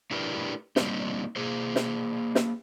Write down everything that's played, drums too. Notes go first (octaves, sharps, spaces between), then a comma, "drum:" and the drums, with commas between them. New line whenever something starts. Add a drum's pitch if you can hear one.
A3 D4 E4 G4 A#4 B4
G3 A#3 C4 D4 D#4, drum: snare
A#3 G#4 C5
drum: snare
drum: snare